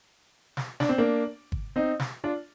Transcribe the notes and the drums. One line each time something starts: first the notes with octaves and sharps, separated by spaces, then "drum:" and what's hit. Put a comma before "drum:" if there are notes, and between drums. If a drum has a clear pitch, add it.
drum: snare
D4, drum: snare
C4
A#3 D4
drum: kick
C4 D#4
drum: snare
D4 F4